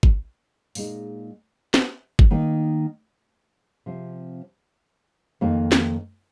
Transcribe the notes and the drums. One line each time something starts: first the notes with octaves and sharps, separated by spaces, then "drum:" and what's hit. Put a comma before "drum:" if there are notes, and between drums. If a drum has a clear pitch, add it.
drum: kick
A#2 G#3 D#4, drum: open hi-hat
drum: snare
drum: kick
D#3 A#3 D#4
C3 F3 C4
F2 D#3 A#3 D#4
drum: snare